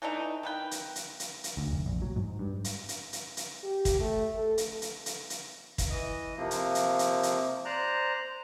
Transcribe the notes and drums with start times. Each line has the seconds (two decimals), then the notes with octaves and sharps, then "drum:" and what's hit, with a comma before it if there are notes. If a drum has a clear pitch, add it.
0.02 E3 A3 D4 D#4
0.43 D#3 B4 G5
0.71 drum: hi-hat
0.95 drum: hi-hat
1.20 drum: hi-hat
1.44 drum: hi-hat
1.57 D2
1.71 F1
1.86 A#1
2.02 F#3
2.16 G#2
2.39 G2
2.64 drum: hi-hat
2.89 drum: hi-hat
3.13 drum: hi-hat
3.37 drum: hi-hat
3.63 G4
3.85 drum: kick, hi-hat
4.00 A3
4.35 A4
4.58 drum: hi-hat
4.82 drum: hi-hat
5.06 drum: hi-hat
5.30 drum: hi-hat
5.78 drum: kick, hi-hat
5.90 E3 D#5
6.38 C3 F3 A#3
6.51 drum: hi-hat
6.75 drum: hi-hat
6.99 drum: hi-hat
7.23 drum: hi-hat
7.65 C5 D5 A#5 F#6